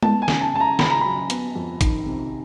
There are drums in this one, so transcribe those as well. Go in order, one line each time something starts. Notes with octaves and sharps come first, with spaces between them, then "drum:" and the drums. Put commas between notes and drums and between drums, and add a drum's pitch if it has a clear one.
B3 A5, drum: tom G#3
G#5
C#3, drum: snare
A5
C#3 A5
A#5
C#2 B5, drum: snare
A#5
F#3 B5
B3, drum: hi-hat
F2
D#3, drum: kick, hi-hat
C3